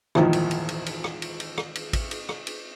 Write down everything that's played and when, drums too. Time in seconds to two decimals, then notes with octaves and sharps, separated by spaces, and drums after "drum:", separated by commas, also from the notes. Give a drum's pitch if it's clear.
0.15 G#1 E2 A#2 D#3 F3, drum: rim click
0.33 drum: cymbal
0.51 drum: cymbal
0.69 drum: cymbal
0.86 drum: cymbal
1.04 drum: rim click
1.22 drum: cymbal
1.40 drum: cymbal
1.58 drum: rim click
1.75 drum: cymbal
1.93 drum: kick A1, cymbal
2.11 drum: cymbal
2.29 drum: rim click
2.47 drum: cymbal